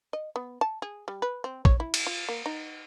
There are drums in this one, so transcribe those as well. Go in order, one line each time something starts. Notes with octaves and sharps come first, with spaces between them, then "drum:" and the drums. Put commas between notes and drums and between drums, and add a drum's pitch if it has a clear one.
D#5
B3
A5
G#4
G3
B4
C4
C#5, drum: kick
E4
drum: cymbal
F4
A#3
D#4